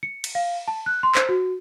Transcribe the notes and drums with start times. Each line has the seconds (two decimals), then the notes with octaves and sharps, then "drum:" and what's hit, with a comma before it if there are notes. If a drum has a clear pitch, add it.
0.03 C#7
0.24 drum: cymbal
0.35 F5
0.68 A5
0.86 F#6
1.03 C6
1.15 C5, drum: clap
1.29 F#4